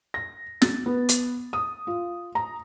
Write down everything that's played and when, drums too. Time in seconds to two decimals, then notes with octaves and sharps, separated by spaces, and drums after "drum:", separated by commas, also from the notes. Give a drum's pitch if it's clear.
0.14 A#6
0.62 A6, drum: snare
0.86 B3
1.09 drum: hi-hat
1.53 D#6
1.87 F4
2.35 A#5